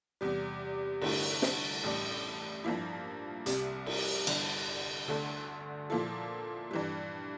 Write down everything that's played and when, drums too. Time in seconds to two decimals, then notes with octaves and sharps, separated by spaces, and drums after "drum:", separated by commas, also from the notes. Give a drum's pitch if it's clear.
0.21 E2 C3 G3
1.02 G2 D3 A3 E4 G4, drum: cymbal
1.42 drum: snare
1.84 A1 A2 G3 D4 G4
2.64 G2 F3 A#3 E4
3.46 C2 C3 G3, drum: hi-hat
3.86 drum: cymbal
4.27 G1 G2 D3 G3, drum: cymbal
5.08 D2 D3 A3 D4 A4
5.90 A#2 F3 A#3 E4 A4
6.71 G2 E3 G3